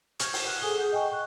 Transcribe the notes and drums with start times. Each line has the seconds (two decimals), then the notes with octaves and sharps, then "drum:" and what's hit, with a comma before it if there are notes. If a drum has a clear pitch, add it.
0.19 C#6 F6 G6 G#6, drum: hi-hat
0.33 drum: open hi-hat
0.45 F#5 F#6
0.61 G#4 A4 G#5 D#6 G7
0.77 G#4 F#5 G6
0.92 D#5 G5 G#5 C#6
1.11 C#6 F#6